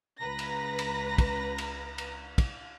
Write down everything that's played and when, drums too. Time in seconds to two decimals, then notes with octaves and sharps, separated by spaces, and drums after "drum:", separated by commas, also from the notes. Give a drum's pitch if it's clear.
0.19 C#2 B4 A#5 A#6
0.39 drum: cymbal
0.79 drum: cymbal
1.18 drum: kick, cymbal
1.58 drum: cymbal
1.98 drum: cymbal
2.38 drum: kick, cymbal